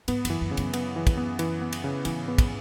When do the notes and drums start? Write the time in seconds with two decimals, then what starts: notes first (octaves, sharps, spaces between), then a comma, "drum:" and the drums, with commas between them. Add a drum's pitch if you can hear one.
0.08 G#2 B3, drum: cymbal
0.25 F#2 E3, drum: cymbal
0.41 F#2
0.51 C#3
0.57 F#2, drum: cymbal
0.73 B3, drum: cymbal
0.96 E3
1.07 drum: kick, cymbal
1.17 B3
1.39 E3, drum: cymbal
1.62 B3
1.73 drum: cymbal
1.84 C#3
2.05 G#2 E3, drum: cymbal
2.28 B3
2.38 drum: kick, cymbal